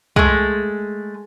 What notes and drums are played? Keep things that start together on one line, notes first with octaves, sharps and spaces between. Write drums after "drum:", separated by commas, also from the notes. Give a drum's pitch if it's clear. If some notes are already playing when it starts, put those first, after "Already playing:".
G#3 A3, drum: kick C2